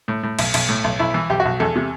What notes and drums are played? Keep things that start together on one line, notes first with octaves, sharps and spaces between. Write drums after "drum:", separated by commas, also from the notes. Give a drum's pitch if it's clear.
A2
A2
B1, drum: cymbal
B1, drum: cymbal
A2
B1
B1 E4
E3
B1 G4
F#4
B1
E2 A4
C3